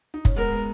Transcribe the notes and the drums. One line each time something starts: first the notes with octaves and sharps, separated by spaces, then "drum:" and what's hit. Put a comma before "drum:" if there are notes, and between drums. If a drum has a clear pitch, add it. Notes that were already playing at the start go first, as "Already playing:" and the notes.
D#4
C#4, drum: kick
G#3 B3 A#4
G#3 B3